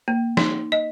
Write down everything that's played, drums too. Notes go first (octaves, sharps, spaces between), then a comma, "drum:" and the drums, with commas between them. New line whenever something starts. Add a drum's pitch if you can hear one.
A#3
D#4, drum: snare
D#5